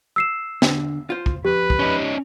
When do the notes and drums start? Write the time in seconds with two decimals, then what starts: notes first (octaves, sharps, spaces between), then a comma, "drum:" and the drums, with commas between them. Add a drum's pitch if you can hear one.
0.16 E6 C7 E7
0.62 D3, drum: snare
1.10 F4 C5
1.26 drum: kick
1.45 F2 G4 B4
1.70 drum: kick
1.80 C#4 D#4